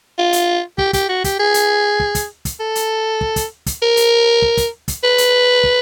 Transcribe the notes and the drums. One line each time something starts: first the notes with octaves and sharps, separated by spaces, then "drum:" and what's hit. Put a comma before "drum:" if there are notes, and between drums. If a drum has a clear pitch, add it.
F4
drum: hi-hat
G4, drum: kick
G4, drum: kick, hi-hat
F#4
G4, drum: kick, hi-hat
G#4
drum: hi-hat
drum: kick
drum: kick, hi-hat
drum: kick, hi-hat
A4
drum: hi-hat
drum: kick
drum: kick, hi-hat
drum: kick, hi-hat
A#4
drum: hi-hat
drum: kick
drum: kick, hi-hat
drum: kick, hi-hat
B4
drum: hi-hat
drum: kick